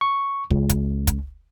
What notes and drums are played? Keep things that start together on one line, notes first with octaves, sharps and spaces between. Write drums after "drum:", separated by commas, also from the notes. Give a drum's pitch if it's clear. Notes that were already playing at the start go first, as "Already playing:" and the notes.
C#6
C#2, drum: kick
drum: kick, hi-hat
drum: kick, hi-hat